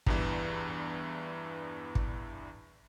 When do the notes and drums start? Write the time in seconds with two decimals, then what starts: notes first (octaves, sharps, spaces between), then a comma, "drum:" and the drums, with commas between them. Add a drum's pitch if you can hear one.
0.06 E2 G2 E3, drum: kick
1.95 drum: kick